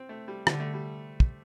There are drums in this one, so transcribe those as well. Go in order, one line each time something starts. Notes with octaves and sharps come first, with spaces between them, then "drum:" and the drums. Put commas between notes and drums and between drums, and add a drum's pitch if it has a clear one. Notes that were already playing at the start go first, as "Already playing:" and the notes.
Already playing: C4
A3
G3
D3 G3, drum: rim click
A3
G3
drum: kick